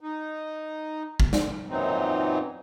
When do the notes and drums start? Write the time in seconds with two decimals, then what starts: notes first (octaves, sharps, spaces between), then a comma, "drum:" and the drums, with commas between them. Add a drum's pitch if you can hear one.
0.01 D#4
1.20 drum: kick
1.33 drum: snare
1.70 F#2 A#2 E3 F#3 C4 D#4